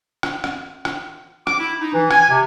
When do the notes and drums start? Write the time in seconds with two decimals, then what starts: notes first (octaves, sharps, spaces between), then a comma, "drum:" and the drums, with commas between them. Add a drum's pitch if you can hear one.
0.23 drum: rim click
0.44 drum: rim click
0.85 drum: rim click
1.47 D6, drum: rim click
1.59 E4
1.81 D#4
1.94 E3
2.11 G#5, drum: rim click
2.30 C3